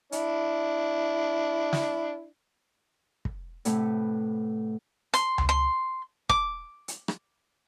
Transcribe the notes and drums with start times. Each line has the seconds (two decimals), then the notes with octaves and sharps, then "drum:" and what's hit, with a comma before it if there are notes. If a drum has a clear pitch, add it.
0.12 D4 E4, drum: hi-hat
1.73 drum: snare
3.25 drum: kick
3.65 A2 C3 A3 B4 F#5, drum: hi-hat
5.14 C6, drum: hi-hat
5.38 drum: tom C#2
5.49 C6
6.29 D6, drum: kick
6.88 drum: hi-hat
7.08 drum: rim click